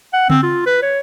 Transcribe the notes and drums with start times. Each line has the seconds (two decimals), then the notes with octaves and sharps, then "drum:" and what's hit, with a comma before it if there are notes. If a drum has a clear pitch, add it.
0.14 F#5
0.30 C4, drum: tom C#3
0.43 F4
0.66 B4
0.82 C#5